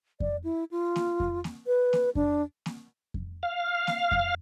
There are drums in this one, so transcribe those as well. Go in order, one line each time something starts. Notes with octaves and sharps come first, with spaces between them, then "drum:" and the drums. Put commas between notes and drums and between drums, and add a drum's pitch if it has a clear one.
D5, drum: kick F2
E4
F4
drum: snare A#3
drum: kick F2
drum: snare A#3
B4
drum: snare A#3
D4, drum: kick F2
drum: snare A#3
drum: kick F2
F5
drum: snare A#3
drum: kick F2